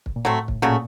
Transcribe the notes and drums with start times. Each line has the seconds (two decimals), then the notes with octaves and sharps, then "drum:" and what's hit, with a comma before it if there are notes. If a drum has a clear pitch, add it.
0.06 drum: kick
0.16 A#2
0.25 A2 F#3 A3 C4
0.48 drum: kick
0.62 A#2 C#3 F#3 A3